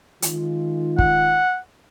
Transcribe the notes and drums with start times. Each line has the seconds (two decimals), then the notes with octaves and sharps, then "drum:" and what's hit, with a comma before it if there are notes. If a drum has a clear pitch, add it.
0.22 D#3 G#3 F4, drum: hi-hat
0.99 F#5, drum: kick